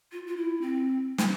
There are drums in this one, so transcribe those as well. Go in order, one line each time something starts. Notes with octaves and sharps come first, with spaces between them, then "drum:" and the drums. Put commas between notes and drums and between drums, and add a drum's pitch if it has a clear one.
F4
F4
E4
C4
drum: snare